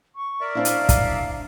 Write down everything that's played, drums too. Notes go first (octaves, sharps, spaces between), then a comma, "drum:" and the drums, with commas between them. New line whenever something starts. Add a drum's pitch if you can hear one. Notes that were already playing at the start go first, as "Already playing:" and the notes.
C#6
A#4 D5 E5
C4 D4 E4 F5
drum: hi-hat
drum: kick, hi-hat